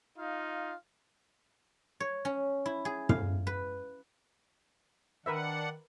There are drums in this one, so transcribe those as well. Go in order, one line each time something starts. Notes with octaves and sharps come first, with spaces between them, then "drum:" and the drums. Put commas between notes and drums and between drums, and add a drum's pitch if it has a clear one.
D#4 F4 F5
C#5
C#4
E4
G#4
F5, drum: tom
B4
D#3 D4 A#4 B4 E5 F#5